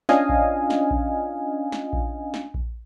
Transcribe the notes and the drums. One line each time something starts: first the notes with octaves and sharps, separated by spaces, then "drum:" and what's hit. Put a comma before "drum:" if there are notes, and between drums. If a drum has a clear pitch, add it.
C#4 D4 F4 D#5 F5 G#5, drum: snare
drum: kick A#1
drum: snare
drum: kick A#1
drum: snare
drum: kick A#1
drum: snare
drum: kick A#1